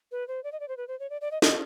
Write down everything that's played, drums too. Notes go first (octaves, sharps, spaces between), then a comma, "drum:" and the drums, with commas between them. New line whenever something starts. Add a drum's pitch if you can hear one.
B4
C5
D5
D#5
D5
C5
B4
C5
C#5
D5
D5
D#5
D#5, drum: snare